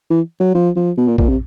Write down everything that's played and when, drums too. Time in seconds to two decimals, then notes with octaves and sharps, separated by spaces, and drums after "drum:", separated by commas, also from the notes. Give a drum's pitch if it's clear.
0.10 E3
0.40 F#3
0.55 F3
0.76 F3
0.97 B2
1.08 A#2
1.18 A#2, drum: kick
1.29 C3